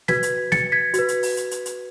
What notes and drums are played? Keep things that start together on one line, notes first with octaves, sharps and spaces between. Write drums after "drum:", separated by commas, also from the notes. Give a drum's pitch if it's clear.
F#4 B4 G#6 B6, drum: snare
drum: hi-hat
A6 C#7, drum: snare
G#6 B6
F#4, drum: hi-hat
B4
drum: hi-hat
drum: open hi-hat
drum: hi-hat
drum: hi-hat
drum: hi-hat